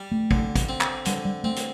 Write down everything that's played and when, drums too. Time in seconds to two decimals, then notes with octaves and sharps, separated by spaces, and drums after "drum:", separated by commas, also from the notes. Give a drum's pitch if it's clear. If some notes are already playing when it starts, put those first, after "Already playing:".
Already playing: G3 G4
0.12 A3
0.31 D3, drum: kick
0.55 drum: kick, hi-hat
0.69 C4
0.81 drum: clap
1.05 D3 G3, drum: hi-hat
1.25 G3
1.44 A3 C4
1.56 drum: hi-hat